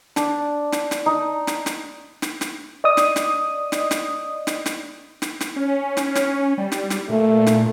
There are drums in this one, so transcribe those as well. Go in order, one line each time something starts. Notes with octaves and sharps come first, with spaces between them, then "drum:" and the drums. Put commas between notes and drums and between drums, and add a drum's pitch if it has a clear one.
D4, drum: snare
drum: snare
drum: snare
D#4
drum: snare
drum: snare
drum: snare
drum: snare
D5 D#5 D#6
drum: snare
drum: snare
drum: snare
drum: snare
drum: snare
drum: snare
drum: snare
drum: snare
C#4
drum: snare
drum: snare
G3
drum: snare
drum: snare
A#2 A3
drum: snare